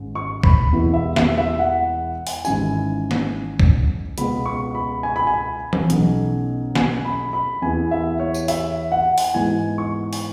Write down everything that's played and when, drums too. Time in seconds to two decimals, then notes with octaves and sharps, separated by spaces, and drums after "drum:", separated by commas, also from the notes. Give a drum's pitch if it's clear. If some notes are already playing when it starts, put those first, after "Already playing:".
Already playing: G#1 G#2 C#4
0.15 C#6
0.44 B5, drum: kick C2
0.72 E1 E2 B2 B3 E4
0.94 E5
1.16 E5, drum: snare
1.38 E5
1.59 F#5
2.27 drum: open hi-hat
2.45 G#1 G#2 E3 C#4 E4 G#5, drum: tambourine
3.11 drum: snare
3.60 drum: kick C2
4.18 C#2 B2 B3 B5, drum: hi-hat
4.46 C#6
4.75 B5
5.03 G#5
5.16 B5
5.27 G#5
5.73 drum: tom E3
5.90 B1 B2 F#3 C#4, drum: hi-hat
6.75 G#5, drum: snare
7.05 B5
7.33 B5
7.62 E2 E3 B3 E4 G#5
7.91 E5
8.20 C#5
8.34 drum: tambourine
8.48 E5, drum: open hi-hat
8.92 F#5
9.18 drum: open hi-hat
9.34 G#2 E3 G#3 B3 G#5
9.78 C#6
10.13 drum: open hi-hat